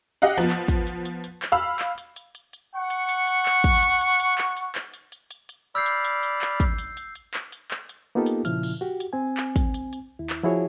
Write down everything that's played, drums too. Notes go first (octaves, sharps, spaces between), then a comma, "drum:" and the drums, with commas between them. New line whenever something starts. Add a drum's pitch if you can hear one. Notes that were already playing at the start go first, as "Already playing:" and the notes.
G4 D#5 F5 F#5
F3 B3
drum: clap
drum: kick, hi-hat
drum: hi-hat
drum: hi-hat
drum: hi-hat
drum: clap
F5 B5 E6
drum: clap
drum: hi-hat
drum: hi-hat
drum: hi-hat
drum: hi-hat
F#5 C#6
drum: hi-hat
drum: hi-hat
drum: hi-hat
drum: clap
drum: kick, hi-hat
drum: hi-hat
drum: hi-hat
drum: hi-hat
drum: clap
drum: hi-hat
drum: clap
drum: hi-hat
drum: hi-hat
drum: hi-hat
drum: hi-hat
D5 B5 E6 F6 G6 C7
drum: hi-hat
drum: hi-hat
drum: hi-hat
drum: clap
drum: kick, hi-hat
drum: hi-hat
drum: hi-hat
drum: hi-hat
drum: clap
drum: hi-hat
drum: clap
drum: hi-hat
A#3 B3 D#4 F4 G4 A4
drum: hi-hat
A#2 C#3 F3 E4 F6, drum: hi-hat
drum: open hi-hat
F#4 G4
drum: hi-hat
C4 G#5
drum: clap
drum: kick, hi-hat
drum: hi-hat
drum: hi-hat
D#2 E4
drum: clap
F3 E4 F#4 G#4 C#5